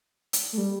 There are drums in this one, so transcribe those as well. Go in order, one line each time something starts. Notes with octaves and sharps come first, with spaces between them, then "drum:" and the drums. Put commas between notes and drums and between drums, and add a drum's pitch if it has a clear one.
drum: hi-hat
A3
G3